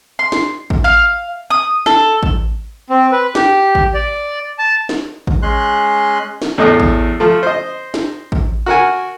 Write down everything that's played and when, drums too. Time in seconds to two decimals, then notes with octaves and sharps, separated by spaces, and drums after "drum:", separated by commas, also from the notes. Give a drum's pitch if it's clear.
0.19 C6
0.32 drum: snare
0.70 drum: kick A1
0.84 F5
1.50 D#6
1.86 A4, drum: snare
2.23 drum: kick A1
2.90 C4
3.12 B4
3.35 G4, drum: snare
3.75 drum: kick A1
3.94 D5
4.59 A5
4.89 drum: snare
5.27 drum: kick A1
5.43 G#3 C#4 C6 F#6
6.42 drum: snare
6.58 E2 A2 A3 D#5 D#6 F#6
6.80 drum: kick A1
7.20 F3 A3
7.43 C5 D#5
7.94 drum: snare
8.32 drum: kick A1
8.66 F#4 A#4 F#5 G#5